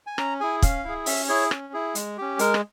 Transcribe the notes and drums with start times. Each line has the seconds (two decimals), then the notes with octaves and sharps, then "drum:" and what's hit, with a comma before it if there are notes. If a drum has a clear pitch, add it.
0.07 G#5
0.18 C#4 A#5, drum: rim click
0.40 E4 G#4 G#5
0.62 C#4 F5, drum: kick, hi-hat
0.84 E4 G#4
1.06 C#4 E5, drum: open hi-hat
1.28 E4 G#4 C#5
1.51 C#4, drum: rim click
1.73 E4 G#4
1.95 G#3, drum: hi-hat
2.18 C#4 G4
2.39 G#3 A#4, drum: hi-hat
2.54 drum: rim click